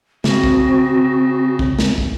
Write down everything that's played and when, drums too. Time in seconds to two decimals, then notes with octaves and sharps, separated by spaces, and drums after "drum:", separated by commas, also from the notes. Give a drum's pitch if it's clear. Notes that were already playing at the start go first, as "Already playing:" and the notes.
0.24 C#3 C4 F#4, drum: snare
0.43 drum: kick
1.59 drum: kick
1.79 drum: snare
1.98 drum: kick